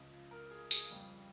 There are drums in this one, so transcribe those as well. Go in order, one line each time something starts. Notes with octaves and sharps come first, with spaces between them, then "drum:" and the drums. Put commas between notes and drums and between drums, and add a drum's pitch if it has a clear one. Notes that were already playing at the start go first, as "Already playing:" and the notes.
Already playing: C#2 C#3 F3
A#4
G#4
G#4, drum: tambourine
F2 C#3 G3